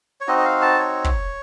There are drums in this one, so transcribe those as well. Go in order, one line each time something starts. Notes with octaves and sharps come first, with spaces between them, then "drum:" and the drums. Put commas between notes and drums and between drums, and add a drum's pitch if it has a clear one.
C#5
C4 D#4 F#4 D#5
D#5
F5
A5
C#5
drum: kick